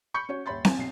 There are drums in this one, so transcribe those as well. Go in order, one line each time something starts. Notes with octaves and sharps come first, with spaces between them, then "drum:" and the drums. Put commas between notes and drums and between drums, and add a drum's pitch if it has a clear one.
B5 C#6 G6 C#7
C#4 F#4 C#5
D#1 C#5 E5 B5 C6 A6
G#5, drum: snare C4
B1 C7